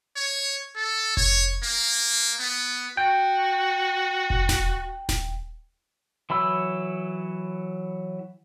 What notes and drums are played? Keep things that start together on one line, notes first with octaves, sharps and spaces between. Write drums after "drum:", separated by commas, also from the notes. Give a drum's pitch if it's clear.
C#5
A4
C#5, drum: kick F1
A#3
B3
F#4 G5
drum: kick F1
drum: snare D#1
drum: snare D#1
E3 F#3 B5 E6